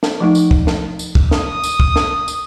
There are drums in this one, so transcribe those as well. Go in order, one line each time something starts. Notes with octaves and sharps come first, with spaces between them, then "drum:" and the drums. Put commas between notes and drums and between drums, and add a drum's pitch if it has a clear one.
drum: snare
F3 A3 D#4
drum: tambourine
drum: kick
drum: snare
drum: tambourine
drum: kick
D#6, drum: snare
drum: tambourine
drum: kick
drum: snare
drum: tambourine